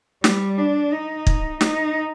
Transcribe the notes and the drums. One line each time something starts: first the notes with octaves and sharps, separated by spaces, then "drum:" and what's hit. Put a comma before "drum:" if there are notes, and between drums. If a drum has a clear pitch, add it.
G3, drum: snare
D4
D#4
drum: kick
D#4, drum: snare